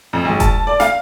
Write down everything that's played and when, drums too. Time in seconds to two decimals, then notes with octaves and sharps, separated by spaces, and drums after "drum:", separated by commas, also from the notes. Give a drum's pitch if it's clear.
0.13 F2
0.25 G#1
0.40 A5, drum: kick E1, hi-hat
0.67 D5
0.80 F5, drum: snare